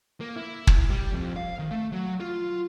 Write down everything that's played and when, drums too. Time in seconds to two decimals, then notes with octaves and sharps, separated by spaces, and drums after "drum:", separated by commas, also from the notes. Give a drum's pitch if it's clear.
0.20 A#3
0.36 E4
0.67 drum: kick
0.90 G3
1.14 F2
1.36 F5
1.59 D#3
1.71 A3
1.92 F#3
2.20 F4